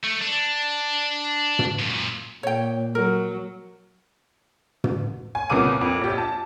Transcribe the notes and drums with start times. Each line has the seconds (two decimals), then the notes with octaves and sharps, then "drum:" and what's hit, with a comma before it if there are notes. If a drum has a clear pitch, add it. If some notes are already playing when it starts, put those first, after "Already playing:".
0.03 A3
0.21 D4
1.59 drum: tom
1.79 F#2 A#2
2.43 A#2 C#5 G5
2.95 F#3 A#4
4.84 drum: tom
5.35 G#5
5.50 C2 A#2 C#3 B3 D6 D#7
5.81 F2
6.01 A#1 G4
6.18 A5